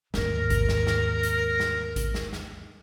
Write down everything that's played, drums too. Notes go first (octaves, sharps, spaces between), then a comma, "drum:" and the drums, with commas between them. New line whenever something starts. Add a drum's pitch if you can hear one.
D#2 G#2 A#4, drum: snare
drum: kick A1, hi-hat
drum: snare
drum: snare
drum: hi-hat
drum: snare
drum: kick A1, hi-hat
drum: snare
drum: snare